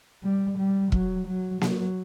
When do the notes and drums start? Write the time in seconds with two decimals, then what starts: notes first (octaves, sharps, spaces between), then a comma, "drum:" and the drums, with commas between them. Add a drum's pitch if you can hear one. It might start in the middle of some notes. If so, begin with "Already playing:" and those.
0.23 G3
0.58 G3
0.92 F#3, drum: kick
1.27 F#3
1.61 F#3, drum: snare A#3